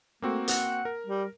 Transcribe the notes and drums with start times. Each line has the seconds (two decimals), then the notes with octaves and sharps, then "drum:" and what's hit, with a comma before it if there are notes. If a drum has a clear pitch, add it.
0.22 A3 A#3 C4 F#4
0.48 F#5, drum: hi-hat
0.85 A#4
1.06 G3